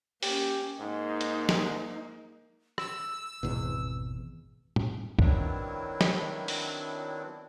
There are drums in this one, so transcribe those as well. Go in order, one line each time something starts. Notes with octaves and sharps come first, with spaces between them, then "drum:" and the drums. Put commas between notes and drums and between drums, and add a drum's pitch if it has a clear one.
A#3 C#4 G4, drum: open hi-hat
G#2 A#3 D#4
drum: hi-hat
drum: snare
E6, drum: rim click
G#1 E2 B2
drum: tom A2
D#3 F#3 B3 C4 D4 E4, drum: kick
drum: snare
drum: open hi-hat